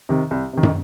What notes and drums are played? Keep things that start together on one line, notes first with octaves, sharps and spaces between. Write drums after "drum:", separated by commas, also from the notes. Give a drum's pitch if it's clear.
C3 D#3
C2
C3 D#3
drum: tom